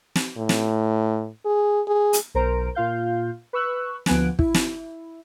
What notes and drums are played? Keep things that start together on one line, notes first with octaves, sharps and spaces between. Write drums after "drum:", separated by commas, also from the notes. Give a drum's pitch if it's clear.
drum: snare
A2
drum: snare
G#4
G#4
drum: hi-hat
B1 A#4 C5 A#5 D7
A#2 F4 F5 G6
B4 C#6 E6 F#6
D2 F3 B3 G#5 F#6 D7, drum: snare
E4, drum: kick
drum: snare